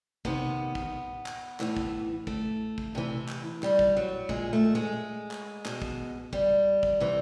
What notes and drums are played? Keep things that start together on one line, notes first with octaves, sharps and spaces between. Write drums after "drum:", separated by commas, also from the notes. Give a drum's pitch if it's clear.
C3 D#3 B3, drum: kick
drum: kick
drum: clap
A2 E3, drum: clap
drum: kick
A3, drum: kick
drum: kick
C3 E3
drum: clap
G3, drum: clap
drum: kick
F#3
A#2 G#3, drum: kick
A3
G#3
drum: clap
B2, drum: clap
drum: kick
G3, drum: kick
drum: kick
C3 E3